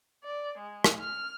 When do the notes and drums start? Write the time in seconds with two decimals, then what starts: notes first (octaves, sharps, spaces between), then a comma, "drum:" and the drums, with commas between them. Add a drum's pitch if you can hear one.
0.24 D5
0.58 G#3
0.84 drum: rim click
1.00 F6